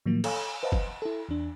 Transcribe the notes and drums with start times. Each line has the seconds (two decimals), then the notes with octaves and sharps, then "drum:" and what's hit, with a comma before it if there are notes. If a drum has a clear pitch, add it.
0.06 A2 D#3 F3 F#3 A#3
0.24 A4 C#5 F5 G#5, drum: cymbal
0.63 B4 C5 D#5 F5 F#5 A5
0.72 drum: kick
1.02 E4 A4
1.29 E2 D4